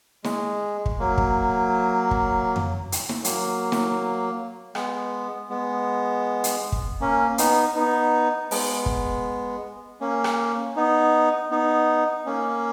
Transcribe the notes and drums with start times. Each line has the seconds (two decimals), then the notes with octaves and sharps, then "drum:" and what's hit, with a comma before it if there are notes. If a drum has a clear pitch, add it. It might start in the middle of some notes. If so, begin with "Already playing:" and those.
0.24 G#3, drum: snare
0.86 drum: kick
0.99 F#3 A#3
1.18 drum: kick
2.11 drum: kick
2.56 drum: tom F2
2.92 drum: hi-hat
3.09 drum: snare
3.24 F#3 A#3, drum: hi-hat
3.72 drum: snare
4.75 G#3 B3, drum: rim click
5.50 G#3 B3
6.44 drum: hi-hat
6.72 drum: kick
7.01 A#3 C#4
7.38 B3 D#4, drum: hi-hat
7.75 B3 D#4
8.51 G#3 B3, drum: open hi-hat
8.86 drum: kick
10.01 A#3 C#4
10.24 drum: rim click
10.76 B3 D#4
11.51 B3 D#4
12.26 A#3 C#4